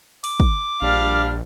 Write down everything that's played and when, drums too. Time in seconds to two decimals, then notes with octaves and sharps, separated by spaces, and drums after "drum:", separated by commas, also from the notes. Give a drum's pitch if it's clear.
0.24 D6, drum: open hi-hat
0.40 drum: kick
0.82 A#1 G3 D4 F5 F6